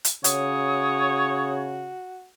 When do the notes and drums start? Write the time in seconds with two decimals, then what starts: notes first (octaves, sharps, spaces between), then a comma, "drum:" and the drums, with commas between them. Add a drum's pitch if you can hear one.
0.05 drum: hi-hat
0.24 C#3 F#4 C#5 D#6, drum: hi-hat